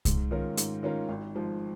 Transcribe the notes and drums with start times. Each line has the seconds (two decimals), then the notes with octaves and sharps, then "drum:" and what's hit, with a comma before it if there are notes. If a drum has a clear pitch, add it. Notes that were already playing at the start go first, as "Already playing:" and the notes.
0.05 G#2, drum: kick C2, hi-hat
0.31 D#3 C#4 F4 A#4
0.57 G#2, drum: hi-hat
0.83 D#3 C#4 F4 A#4
1.09 G#1
1.35 G#2 F3